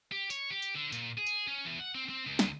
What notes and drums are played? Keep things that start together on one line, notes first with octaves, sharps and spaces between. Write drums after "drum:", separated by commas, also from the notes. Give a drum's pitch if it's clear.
G4
C#5, drum: tambourine
G4
drum: tambourine
D3
A#2, drum: tambourine
G#4
drum: tambourine
C#4
E2
F#5
C4
C4
C#2
drum: snare